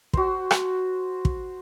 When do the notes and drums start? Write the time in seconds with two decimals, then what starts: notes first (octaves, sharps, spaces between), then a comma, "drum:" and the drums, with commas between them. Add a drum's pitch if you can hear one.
0.13 F#4 C5, drum: kick
0.51 drum: rim click
1.25 drum: kick